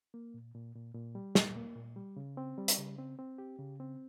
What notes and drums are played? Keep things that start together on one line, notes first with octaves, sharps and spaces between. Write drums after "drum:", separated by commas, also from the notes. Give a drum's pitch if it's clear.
A#3
A#2
A#2
A#2
A#2
G3
A#2, drum: snare
A#3
A#2
G3
C#3
C4
G3
drum: hi-hat
C#3
C4
C4
G4
C#3
C4